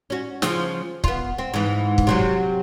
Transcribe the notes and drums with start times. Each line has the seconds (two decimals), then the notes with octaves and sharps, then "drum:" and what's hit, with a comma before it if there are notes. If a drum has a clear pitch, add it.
0.10 C#4 F#4
0.42 C#3 F3, drum: snare
1.04 B3 F4, drum: kick
1.38 C4
1.54 G#2 E3
1.98 drum: kick
2.07 C3 F#3 C4